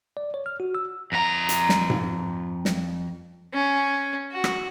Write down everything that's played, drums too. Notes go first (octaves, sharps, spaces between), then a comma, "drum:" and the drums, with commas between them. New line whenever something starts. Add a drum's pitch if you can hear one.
D5
C#5
F6
F#4
E6
F2 A#5
drum: hi-hat
drum: snare
drum: tom G#2
drum: snare
C#4
F#4
drum: rim click